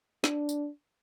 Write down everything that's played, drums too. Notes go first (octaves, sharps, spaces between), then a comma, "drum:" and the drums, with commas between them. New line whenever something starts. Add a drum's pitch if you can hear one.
D4, drum: snare
drum: tambourine